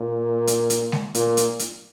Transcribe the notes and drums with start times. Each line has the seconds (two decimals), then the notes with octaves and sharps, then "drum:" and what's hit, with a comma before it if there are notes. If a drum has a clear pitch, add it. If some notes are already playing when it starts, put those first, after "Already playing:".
Already playing: A#2
0.47 drum: hi-hat
0.70 drum: hi-hat
0.92 drum: snare G#3
1.15 A#2, drum: hi-hat
1.37 drum: hi-hat
1.59 drum: hi-hat